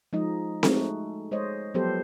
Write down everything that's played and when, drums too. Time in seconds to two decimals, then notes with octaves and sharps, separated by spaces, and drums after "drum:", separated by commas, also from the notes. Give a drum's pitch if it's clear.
0.13 F3 G#3 D#4 D#5
0.63 G#3 A3 D#4 F#4 A4, drum: snare C4
1.31 G#3 C5 C#5 D#5
1.74 F3 F#3 B3 G4 A4 C5